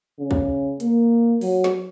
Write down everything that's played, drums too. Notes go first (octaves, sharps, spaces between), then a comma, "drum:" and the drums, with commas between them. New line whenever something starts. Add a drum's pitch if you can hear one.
C#3
drum: kick
A#3, drum: hi-hat
F#3, drum: open hi-hat
drum: snare